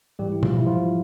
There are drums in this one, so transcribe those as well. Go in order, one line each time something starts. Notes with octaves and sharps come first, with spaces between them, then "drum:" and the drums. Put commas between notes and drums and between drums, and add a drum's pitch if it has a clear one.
G#2 E3 G3 G4
E4
F3 F4, drum: tom
E4
F3 F4